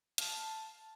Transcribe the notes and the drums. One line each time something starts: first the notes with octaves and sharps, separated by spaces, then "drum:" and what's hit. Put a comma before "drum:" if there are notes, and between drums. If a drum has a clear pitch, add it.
F5 A5, drum: hi-hat